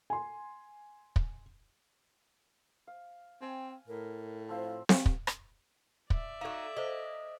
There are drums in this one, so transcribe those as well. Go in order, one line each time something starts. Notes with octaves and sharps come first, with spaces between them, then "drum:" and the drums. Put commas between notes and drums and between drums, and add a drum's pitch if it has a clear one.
G#5 C6
drum: kick
F5
C4 G5 G#5
A2 A#4
F3 C4 C5 F5
drum: snare C4
drum: kick
drum: rim click
D5 E5, drum: kick
D#4 F#4 A4 F5
A4 C5 D#5